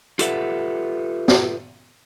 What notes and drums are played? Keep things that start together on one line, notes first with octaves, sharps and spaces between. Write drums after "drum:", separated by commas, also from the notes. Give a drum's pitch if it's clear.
F4 G4 A4 B4 E5 F#5, drum: hi-hat
drum: snare